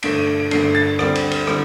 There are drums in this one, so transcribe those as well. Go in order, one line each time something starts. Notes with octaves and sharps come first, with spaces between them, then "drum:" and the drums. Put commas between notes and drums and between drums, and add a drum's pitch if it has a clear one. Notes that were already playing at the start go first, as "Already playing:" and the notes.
G2 D3 A3 D4 D7, drum: cymbal
D#7
D7
D7
G2 D3 A3 D4 C7, drum: cymbal
A6
D2 D3 G3 C4, drum: rim click
drum: cymbal
drum: cymbal
D3 G3 C4, drum: rim click